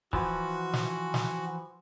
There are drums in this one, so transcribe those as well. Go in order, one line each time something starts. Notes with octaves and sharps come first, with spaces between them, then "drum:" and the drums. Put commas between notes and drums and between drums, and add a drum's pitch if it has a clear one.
E3 F3 F#4, drum: kick
drum: snare
drum: snare